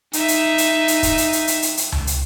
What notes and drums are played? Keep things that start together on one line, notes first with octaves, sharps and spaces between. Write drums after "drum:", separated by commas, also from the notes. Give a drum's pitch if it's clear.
D#4 E5, drum: hi-hat
drum: hi-hat
drum: hi-hat
drum: hi-hat
drum: kick, hi-hat
drum: hi-hat
drum: hi-hat
drum: hi-hat
drum: hi-hat
drum: hi-hat
drum: tom C#2
drum: hi-hat